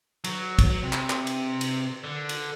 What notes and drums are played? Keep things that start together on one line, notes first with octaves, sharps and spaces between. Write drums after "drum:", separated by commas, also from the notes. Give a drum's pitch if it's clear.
F#3, drum: cymbal
drum: kick, cymbal
F#3
C3
drum: clap
drum: clap
drum: cymbal
drum: cymbal
D3
drum: cymbal